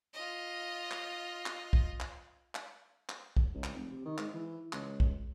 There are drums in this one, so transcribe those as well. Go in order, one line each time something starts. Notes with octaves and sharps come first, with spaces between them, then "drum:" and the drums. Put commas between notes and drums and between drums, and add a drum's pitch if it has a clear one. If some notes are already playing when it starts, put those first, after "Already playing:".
F4 D#5
drum: clap
drum: clap
drum: kick
drum: clap
drum: clap
drum: clap
drum: kick
C#2
drum: clap
F1
C3
D#3
G#2, drum: clap
E3
C#2, drum: clap
drum: kick